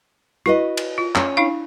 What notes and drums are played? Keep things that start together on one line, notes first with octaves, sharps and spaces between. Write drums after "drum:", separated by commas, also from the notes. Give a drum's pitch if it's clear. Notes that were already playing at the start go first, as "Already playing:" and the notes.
E4 F#4 B4 D#5
drum: cymbal
F4
C#4 C#5, drum: clap
D4 E4 F5